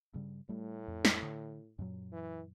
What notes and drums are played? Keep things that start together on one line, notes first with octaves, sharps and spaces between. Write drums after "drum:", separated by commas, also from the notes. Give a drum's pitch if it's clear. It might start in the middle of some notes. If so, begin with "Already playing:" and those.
G2 C#3 G3
A2 G3 A3
F2
drum: snare
D3
F#2 A#2 F#3
E3